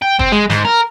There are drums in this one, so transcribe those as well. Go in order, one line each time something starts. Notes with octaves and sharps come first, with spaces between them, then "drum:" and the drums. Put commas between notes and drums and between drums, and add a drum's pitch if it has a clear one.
G5
C4, drum: kick
G#3
G#2, drum: snare
A#4